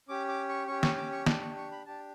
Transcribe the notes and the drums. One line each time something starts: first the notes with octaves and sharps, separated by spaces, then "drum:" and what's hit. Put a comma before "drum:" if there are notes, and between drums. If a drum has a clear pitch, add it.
C#4 G4 D6
D6
C#6
C#4 G4 C#6
C#6, drum: snare
D6
C#6
D4 G4 D6, drum: snare
C#6
C#6
B5
D4 G4 A5